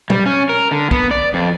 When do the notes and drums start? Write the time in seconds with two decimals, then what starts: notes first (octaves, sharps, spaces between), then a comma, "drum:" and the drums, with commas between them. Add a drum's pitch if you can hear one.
0.10 G3, drum: tom A#2
0.26 C#4
0.49 A#4
0.71 D3
0.91 B3, drum: kick
1.11 D5
1.34 F2